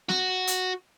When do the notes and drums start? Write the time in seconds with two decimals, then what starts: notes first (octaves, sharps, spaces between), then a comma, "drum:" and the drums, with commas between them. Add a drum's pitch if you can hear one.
0.09 F#4, drum: snare
0.47 drum: hi-hat